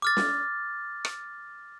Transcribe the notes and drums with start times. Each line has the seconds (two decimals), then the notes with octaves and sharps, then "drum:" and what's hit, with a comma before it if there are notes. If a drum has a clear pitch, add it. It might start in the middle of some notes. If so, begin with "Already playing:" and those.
0.02 D6 F6 A6
0.17 drum: snare
1.05 drum: rim click